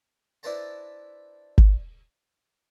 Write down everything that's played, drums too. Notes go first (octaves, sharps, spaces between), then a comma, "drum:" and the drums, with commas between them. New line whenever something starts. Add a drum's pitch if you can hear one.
D4 E4 B4 C5 A5 A#5
drum: kick G#1